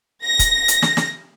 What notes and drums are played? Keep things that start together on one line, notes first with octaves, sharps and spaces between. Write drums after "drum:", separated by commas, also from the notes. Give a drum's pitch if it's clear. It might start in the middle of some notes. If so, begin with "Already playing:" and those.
A#6
drum: kick, hi-hat
drum: hi-hat
drum: snare
drum: snare